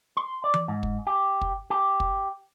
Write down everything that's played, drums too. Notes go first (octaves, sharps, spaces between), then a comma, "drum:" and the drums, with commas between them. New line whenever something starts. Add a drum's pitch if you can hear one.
C6
D5
drum: tom E3
G#2
drum: kick
G4
drum: kick
G4
drum: kick